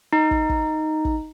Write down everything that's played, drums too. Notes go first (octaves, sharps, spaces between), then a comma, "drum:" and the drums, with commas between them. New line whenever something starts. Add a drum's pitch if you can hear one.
D#4
drum: kick
drum: kick
drum: kick